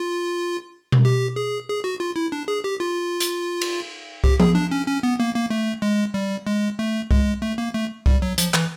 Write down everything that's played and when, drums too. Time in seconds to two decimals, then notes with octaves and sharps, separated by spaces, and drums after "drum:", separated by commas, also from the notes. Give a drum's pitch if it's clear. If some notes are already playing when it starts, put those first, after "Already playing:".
Already playing: F4
0.92 drum: tom B2
1.05 G4
1.36 G#4
1.69 G#4
1.84 F#4
2.00 F4
2.16 E4
2.32 D4
2.48 G#4
2.64 G4
2.80 F4
3.20 drum: hi-hat
3.61 drum: cymbal
4.24 G4, drum: kick C2
4.40 G#4, drum: tom F3
4.55 D4
4.71 C#4
4.87 C#4
5.03 B3
5.20 A#3
5.35 A#3
5.50 A3
5.82 G#3
6.14 G3
6.47 G#3
6.79 A3
7.11 G#3, drum: kick C2
7.42 A3
7.58 A#3
7.74 A3
8.06 G3, drum: kick C2
8.22 F#3
8.38 F3, drum: hi-hat
8.54 E3, drum: clap